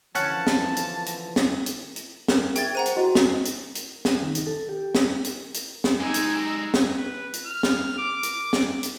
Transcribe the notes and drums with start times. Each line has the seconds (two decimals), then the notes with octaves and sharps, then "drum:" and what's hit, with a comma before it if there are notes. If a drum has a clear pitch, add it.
0.15 D3 E3 F3 C#4 F#5 A5, drum: hi-hat
0.47 drum: snare
0.76 drum: hi-hat
1.06 drum: hi-hat
1.36 drum: snare
1.66 drum: hi-hat
1.96 drum: hi-hat
2.28 A#4, drum: snare
2.56 G#4 E5 G5 G#6 A6, drum: hi-hat
2.75 C5 F#5 A#5 D#7
2.86 drum: hi-hat
2.96 E4 F#4 D#5
3.15 drum: snare
3.45 drum: hi-hat
3.75 drum: hi-hat
4.05 drum: snare
4.23 D#3
4.35 drum: hi-hat
4.47 A4
4.69 G4
4.95 drum: snare
5.24 drum: hi-hat
5.54 drum: hi-hat
5.84 drum: snare
6.00 G#3 D#4 G4 G#5 E6
6.14 drum: hi-hat
6.39 A#6
6.74 drum: snare
6.98 B4
7.33 drum: hi-hat
7.46 F6
7.63 drum: snare
7.98 D6
8.23 drum: hi-hat
8.53 drum: snare
8.83 drum: hi-hat